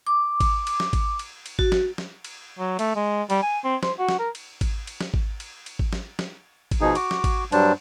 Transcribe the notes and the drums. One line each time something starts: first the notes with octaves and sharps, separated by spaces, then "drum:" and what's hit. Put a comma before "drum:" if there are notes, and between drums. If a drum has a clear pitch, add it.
D6
drum: kick G#1, cymbal
drum: cymbal
drum: snare
drum: kick G#1, cymbal
drum: cymbal
drum: cymbal
F#4, drum: kick G#1
drum: snare
drum: snare
drum: cymbal
F#3
A3, drum: cymbal
G#3
G3, drum: cymbal
G#5
C4
C5, drum: snare
F#4
drum: snare
A#4
drum: cymbal
drum: kick G#1, cymbal
drum: cymbal
drum: snare
drum: kick G#1
drum: cymbal
drum: cymbal
drum: kick G#1
drum: snare
drum: snare
drum: kick G#1, cymbal
B2 F3 D#4 G#4
F#4 D6, drum: cymbal
drum: snare
drum: kick G#1, cymbal
G2 F#3 G3 D4 C5 A5, drum: cymbal